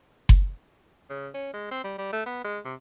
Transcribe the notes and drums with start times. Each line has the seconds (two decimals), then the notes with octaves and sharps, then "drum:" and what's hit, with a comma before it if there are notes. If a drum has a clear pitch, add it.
0.29 drum: kick F#1
1.10 C#3
1.34 C#4
1.54 G#3
1.71 C4
1.84 G3
1.98 G3
2.13 A3
2.26 B3
2.44 G#3
2.65 C3